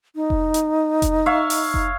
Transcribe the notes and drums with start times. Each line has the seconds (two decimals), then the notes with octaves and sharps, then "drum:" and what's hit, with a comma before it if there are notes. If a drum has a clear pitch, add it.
0.16 D#4
0.30 drum: kick F1
0.54 drum: hi-hat
1.02 drum: kick F1, hi-hat
1.26 C#5 E5 F5
1.50 drum: open hi-hat
1.74 drum: kick F1